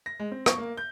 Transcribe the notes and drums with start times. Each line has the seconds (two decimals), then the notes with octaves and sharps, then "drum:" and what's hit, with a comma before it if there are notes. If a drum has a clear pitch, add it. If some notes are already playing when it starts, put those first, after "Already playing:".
0.06 A#6
0.19 G#3
0.32 C4
0.46 C#6, drum: rim click
0.58 A#3
0.77 G6